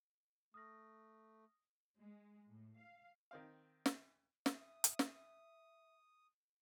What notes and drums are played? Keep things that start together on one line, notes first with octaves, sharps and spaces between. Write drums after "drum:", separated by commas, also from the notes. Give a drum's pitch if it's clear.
A3 D#6 F6 A#6
G#3
A2
F5
D#3 C4 F5
drum: snare
E5 D#6, drum: snare
drum: hi-hat
drum: snare